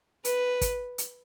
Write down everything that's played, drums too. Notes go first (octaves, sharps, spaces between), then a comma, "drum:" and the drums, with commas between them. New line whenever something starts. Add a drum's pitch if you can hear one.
B4, drum: hi-hat
drum: kick, hi-hat
drum: hi-hat